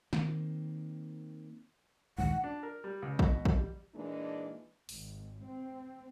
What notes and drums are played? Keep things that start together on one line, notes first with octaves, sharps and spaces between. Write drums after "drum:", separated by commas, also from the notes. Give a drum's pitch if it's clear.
D#3 A#3 C4, drum: snare
A#1 D#2 G#2 F#5
D4
A#4
G3
C#2
B2, drum: kick
drum: kick
G3
A#2 E3 G#3 A#3 D4 D#4
G#1, drum: open hi-hat
C4